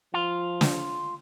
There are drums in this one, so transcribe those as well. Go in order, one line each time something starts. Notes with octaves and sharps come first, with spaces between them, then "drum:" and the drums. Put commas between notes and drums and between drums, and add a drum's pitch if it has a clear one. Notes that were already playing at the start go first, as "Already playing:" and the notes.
F3 F4
drum: snare